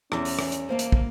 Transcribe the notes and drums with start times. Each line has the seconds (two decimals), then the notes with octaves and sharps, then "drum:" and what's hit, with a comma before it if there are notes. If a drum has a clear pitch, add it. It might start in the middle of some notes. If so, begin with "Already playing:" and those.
0.12 E2 C#4, drum: rim click
0.25 drum: open hi-hat
0.39 drum: rim click
0.52 drum: hi-hat
0.69 A#3 C5 F5 A5
0.79 drum: hi-hat
0.92 drum: kick